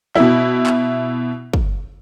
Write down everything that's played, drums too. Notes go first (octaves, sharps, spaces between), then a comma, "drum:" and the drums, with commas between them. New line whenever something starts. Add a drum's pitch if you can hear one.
B2 E4, drum: snare
drum: clap
drum: kick